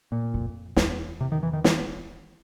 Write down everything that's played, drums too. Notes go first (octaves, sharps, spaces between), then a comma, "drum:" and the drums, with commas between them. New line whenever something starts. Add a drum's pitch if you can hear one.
A#2
F2
E2, drum: snare
C3
D#3
E3
D#3
E3, drum: snare